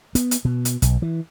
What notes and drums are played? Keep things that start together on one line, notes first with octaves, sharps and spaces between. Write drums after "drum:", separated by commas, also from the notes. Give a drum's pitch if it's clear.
B3, drum: hi-hat
drum: hi-hat
B2
drum: hi-hat
B1, drum: hi-hat
E3